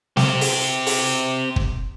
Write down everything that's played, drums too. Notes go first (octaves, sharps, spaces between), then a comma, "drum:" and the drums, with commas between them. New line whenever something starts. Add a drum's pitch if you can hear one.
C4 G4, drum: snare
drum: open hi-hat
drum: open hi-hat
drum: kick